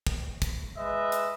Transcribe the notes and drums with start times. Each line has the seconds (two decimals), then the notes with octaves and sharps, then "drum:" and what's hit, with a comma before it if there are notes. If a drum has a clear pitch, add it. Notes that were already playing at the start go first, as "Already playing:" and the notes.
0.07 drum: kick
0.42 drum: kick, hi-hat
0.77 G#3 B4 D#5 E5
1.12 drum: hi-hat